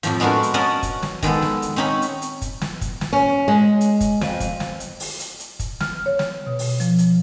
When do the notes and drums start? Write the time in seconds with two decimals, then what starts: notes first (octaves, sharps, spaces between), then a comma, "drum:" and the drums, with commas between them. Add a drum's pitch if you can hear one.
0.03 F2 A2 F3, drum: hi-hat
0.20 G#3 B3 D4 F#4 A#4
0.43 drum: hi-hat
0.54 C#4 A#4 D5 D#5 F#5 A5
0.83 drum: kick, hi-hat
1.03 drum: snare
1.23 D#3 G#3 B3 A4, drum: kick, hi-hat
1.42 drum: snare
1.62 drum: hi-hat
1.76 C4 C#4 D#4 C#5 B5
2.02 drum: hi-hat
2.22 drum: hi-hat
2.42 drum: kick, hi-hat
2.61 drum: snare
2.81 drum: kick, hi-hat
3.01 drum: snare
3.13 C#4
3.48 G#3
3.81 drum: hi-hat
4.01 drum: kick, hi-hat
4.21 F2, drum: snare
4.40 drum: kick, hi-hat
4.60 drum: snare
4.80 drum: hi-hat
5.00 drum: open hi-hat
5.20 drum: hi-hat
5.40 drum: hi-hat
5.60 drum: kick, hi-hat
5.80 F6, drum: snare
6.06 C#5
6.19 drum: snare
6.47 B2
6.59 drum: open hi-hat
6.80 F3, drum: hi-hat
6.99 drum: hi-hat